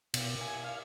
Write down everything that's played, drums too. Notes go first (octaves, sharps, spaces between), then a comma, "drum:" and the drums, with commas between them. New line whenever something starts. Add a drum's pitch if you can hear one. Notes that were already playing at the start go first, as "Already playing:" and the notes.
B2, drum: cymbal
G#5
F5